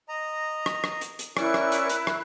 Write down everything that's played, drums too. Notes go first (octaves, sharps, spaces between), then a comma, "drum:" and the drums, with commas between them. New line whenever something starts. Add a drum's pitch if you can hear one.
D#5 A#5
drum: rim click
drum: rim click
drum: hi-hat
drum: hi-hat
C#4 E4 A#4 D5 C#6 F#6, drum: rim click
drum: rim click
drum: hi-hat
drum: hi-hat
drum: rim click